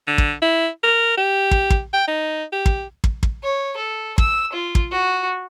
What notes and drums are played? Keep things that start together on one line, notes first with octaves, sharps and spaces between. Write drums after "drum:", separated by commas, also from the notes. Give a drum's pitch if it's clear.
D3
drum: kick
E4
A#4
G4
drum: kick
drum: kick
G5
D#4
G4
drum: kick
drum: kick
drum: kick
C#5
A4
E6, drum: kick
F4
drum: kick
F#4